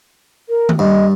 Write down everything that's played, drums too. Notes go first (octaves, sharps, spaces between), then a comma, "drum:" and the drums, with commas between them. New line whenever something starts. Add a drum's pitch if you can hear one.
A#4
drum: tom D#3
G2 D#5